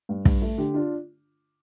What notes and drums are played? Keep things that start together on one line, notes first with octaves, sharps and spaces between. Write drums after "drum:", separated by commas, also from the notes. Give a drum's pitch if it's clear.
G2
G2, drum: kick
A3
D3 G4
D4 F4